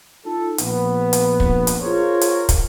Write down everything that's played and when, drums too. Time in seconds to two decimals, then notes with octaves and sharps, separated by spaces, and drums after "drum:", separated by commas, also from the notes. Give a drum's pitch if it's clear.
0.24 D#4 F4 A4
0.58 A#1 B3, drum: hi-hat
1.13 drum: hi-hat
1.40 drum: kick
1.67 drum: hi-hat
1.82 F4 G#4 A#4 C5 C#5
2.21 drum: hi-hat
2.49 drum: kick, hi-hat